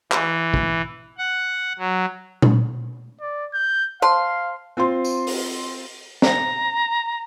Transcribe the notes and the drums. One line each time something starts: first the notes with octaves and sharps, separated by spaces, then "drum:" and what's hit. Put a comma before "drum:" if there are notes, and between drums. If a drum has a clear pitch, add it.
E3, drum: clap
drum: kick
F#5
F#3
drum: tom A#2
D5
G6
C5 F5 A5 C6
C4 F4 C5 C6
drum: tambourine
drum: open hi-hat
A#5, drum: snare